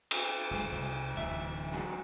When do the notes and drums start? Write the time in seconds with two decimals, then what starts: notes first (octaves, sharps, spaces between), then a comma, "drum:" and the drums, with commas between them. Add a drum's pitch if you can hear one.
0.11 drum: cymbal
0.51 F#1 G#3
0.71 C2 G3
1.17 D1 D2 E3 E5
1.73 G#2 F#3